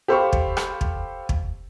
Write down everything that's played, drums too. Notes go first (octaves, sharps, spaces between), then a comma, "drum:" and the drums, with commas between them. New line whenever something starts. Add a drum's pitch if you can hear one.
G4 A4 C5 F5 B5 C#6
drum: kick
drum: rim click
drum: kick
drum: kick